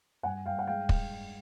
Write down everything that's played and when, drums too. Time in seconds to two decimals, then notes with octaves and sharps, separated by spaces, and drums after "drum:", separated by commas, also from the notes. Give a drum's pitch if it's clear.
0.23 G2 F#5 G#5
0.46 G2 F5 G5
0.59 F#5
0.67 G#3 F5 G5
0.89 drum: kick